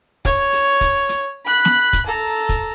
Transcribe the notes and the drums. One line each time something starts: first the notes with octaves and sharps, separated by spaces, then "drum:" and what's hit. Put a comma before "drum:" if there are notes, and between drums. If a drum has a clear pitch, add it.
C#5, drum: kick, hi-hat
drum: open hi-hat
drum: kick, hi-hat
drum: hi-hat
B5 F#6
drum: snare
drum: kick, hi-hat
A4 A#5
drum: kick, hi-hat